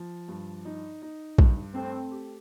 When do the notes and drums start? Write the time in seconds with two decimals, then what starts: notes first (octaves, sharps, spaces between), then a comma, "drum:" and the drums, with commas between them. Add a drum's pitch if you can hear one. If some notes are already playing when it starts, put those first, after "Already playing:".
Already playing: F3
0.28 G2
0.65 D#4
1.02 D#4
1.38 G2, drum: kick A#1
1.75 A3 C4
2.11 G4